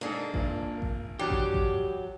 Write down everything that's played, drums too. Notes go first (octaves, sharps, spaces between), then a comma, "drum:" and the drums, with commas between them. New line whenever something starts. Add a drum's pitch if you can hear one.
G#2 A#3 D4 G#4 A4
G#1 A#2, drum: kick A1
drum: kick A1
E2 F#3 D4 G4 F#6
drum: kick A1
drum: kick A1